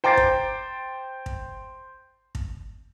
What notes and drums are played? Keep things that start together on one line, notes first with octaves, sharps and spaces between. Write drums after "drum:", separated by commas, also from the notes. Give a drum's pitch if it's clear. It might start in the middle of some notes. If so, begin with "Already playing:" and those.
C5 G5 A#5 D6 A6 C7
drum: kick
drum: kick
drum: kick